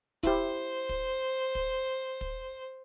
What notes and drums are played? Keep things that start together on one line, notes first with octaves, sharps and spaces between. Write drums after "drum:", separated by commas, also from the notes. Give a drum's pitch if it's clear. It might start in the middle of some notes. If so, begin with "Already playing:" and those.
E4 G4 C5, drum: kick
drum: kick
drum: kick
drum: kick